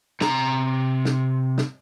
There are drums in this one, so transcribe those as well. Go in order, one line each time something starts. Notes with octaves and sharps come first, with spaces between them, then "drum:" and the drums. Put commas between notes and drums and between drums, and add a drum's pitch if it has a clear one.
C3 A#5, drum: snare
drum: snare
drum: snare